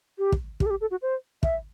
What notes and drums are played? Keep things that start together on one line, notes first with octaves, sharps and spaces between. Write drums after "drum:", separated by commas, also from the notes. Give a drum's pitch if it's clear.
G4
drum: kick
G4, drum: kick
A4
G4
A4
F#4
C5
E5, drum: kick